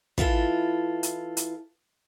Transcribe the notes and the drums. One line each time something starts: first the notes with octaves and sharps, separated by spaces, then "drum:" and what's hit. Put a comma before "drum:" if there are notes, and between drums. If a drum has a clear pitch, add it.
E3 E4 F4 A4, drum: kick
drum: hi-hat
drum: hi-hat